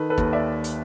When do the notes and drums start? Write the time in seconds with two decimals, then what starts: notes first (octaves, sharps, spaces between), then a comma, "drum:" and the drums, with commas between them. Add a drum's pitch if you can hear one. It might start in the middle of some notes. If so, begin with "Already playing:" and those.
Already playing: D#3 A4 B4
0.10 A4 B4
0.18 D#2, drum: kick
0.33 D5 E5
0.64 drum: hi-hat